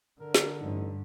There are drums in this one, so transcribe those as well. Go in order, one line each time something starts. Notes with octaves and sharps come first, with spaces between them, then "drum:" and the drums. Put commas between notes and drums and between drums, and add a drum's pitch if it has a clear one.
D3 A#4
drum: snare
A1 G2 D#4